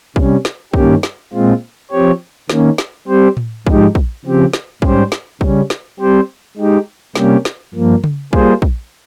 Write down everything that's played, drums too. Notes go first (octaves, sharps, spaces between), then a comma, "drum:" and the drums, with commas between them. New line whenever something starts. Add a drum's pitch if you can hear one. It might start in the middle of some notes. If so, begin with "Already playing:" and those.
C3 G3 C#4, drum: kick
drum: snare
G2 D#3 A#3 C#4 G4, drum: kick
drum: snare
A#2 G#3 C4 F4
F3 C4 G4 C#5
D#3 A#3 C#4, drum: snare
drum: snare
G3 C4 G4 C5
drum: tom A2
G#2 F3 G#3 D#4 G4, drum: kick
drum: kick
C#3 F3 C4 G4
drum: snare
G#2 G3 C#4 G4 C5, drum: kick
drum: snare
C#3 G3 C#4, drum: kick
drum: snare
G3 C4 G4 C5
G#3 D#4 G4
C3 G3 A#3 C#4 G4, drum: snare
drum: snare
G2 F3 A#3
drum: tom C#3
G3 A#3 F4 G#4 C5, drum: kick
drum: kick